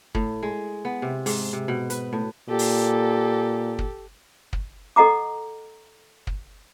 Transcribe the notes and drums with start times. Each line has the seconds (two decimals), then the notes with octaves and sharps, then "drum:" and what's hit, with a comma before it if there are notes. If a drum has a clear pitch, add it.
0.15 A2, drum: kick
0.43 G#3
0.85 B3
1.02 C3
1.26 G#2, drum: open hi-hat
1.53 C3
1.68 B2
1.90 B4, drum: hi-hat
2.13 A2
2.49 A#2 G4 A4
2.59 drum: open hi-hat
3.79 drum: kick
4.53 drum: kick
4.96 A4 D#5 F#5 A#5 D6
6.27 drum: kick